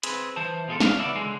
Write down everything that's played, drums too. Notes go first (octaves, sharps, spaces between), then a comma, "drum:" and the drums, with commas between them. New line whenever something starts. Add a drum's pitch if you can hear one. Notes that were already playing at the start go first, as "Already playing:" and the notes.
C4 G#4 B4, drum: hi-hat
E3 C5 A5
B2 F3 G#3 G#4 A4
D4 F5, drum: snare
C#2 E3 F#4 D5 E5
C#2 B2 D3 G#3